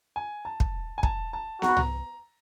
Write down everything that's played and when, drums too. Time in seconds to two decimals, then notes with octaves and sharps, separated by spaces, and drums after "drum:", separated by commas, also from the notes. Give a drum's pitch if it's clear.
0.16 G#5
0.45 A5
0.60 drum: kick
0.98 G#5
1.03 A5, drum: kick
1.33 A5
1.62 F#4 A#5, drum: snare B3
1.68 B5
1.77 A#5, drum: tom